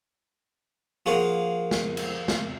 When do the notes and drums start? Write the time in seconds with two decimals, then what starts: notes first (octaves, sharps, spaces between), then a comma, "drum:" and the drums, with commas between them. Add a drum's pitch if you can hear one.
1.06 F3 A#3 G#4 C#5 F#5
1.71 drum: snare
1.97 drum: cymbal
2.28 drum: snare